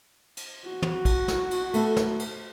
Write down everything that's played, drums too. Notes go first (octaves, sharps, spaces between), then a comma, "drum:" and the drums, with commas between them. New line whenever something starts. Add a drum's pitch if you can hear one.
drum: cymbal
F#4
drum: tom
drum: kick, cymbal
drum: snare
drum: cymbal
A3 B3 A4, drum: cymbal
drum: snare
drum: cymbal